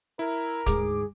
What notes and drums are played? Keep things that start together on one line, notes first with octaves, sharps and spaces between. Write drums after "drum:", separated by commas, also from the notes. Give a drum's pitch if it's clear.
E4 A#4
D2 G#2 G#4 D6, drum: kick C#1, hi-hat